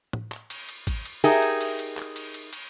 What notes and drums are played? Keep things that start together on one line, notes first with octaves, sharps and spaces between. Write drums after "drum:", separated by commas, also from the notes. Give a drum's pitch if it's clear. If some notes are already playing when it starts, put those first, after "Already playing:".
drum: tom
drum: clap
drum: cymbal
drum: cymbal
drum: kick A1, cymbal
drum: cymbal
D#4 G4 G#4 A#4 E5, drum: cymbal
drum: cymbal
drum: cymbal
drum: cymbal
drum: clap
drum: cymbal
drum: cymbal
drum: cymbal